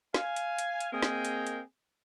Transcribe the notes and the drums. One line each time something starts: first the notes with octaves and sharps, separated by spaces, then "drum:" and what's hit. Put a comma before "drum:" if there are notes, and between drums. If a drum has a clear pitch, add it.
F5 G#5, drum: snare
drum: hi-hat
drum: hi-hat
drum: hi-hat
A#3 C4 G#4 A#4 D#5 G5
drum: snare
drum: hi-hat
drum: hi-hat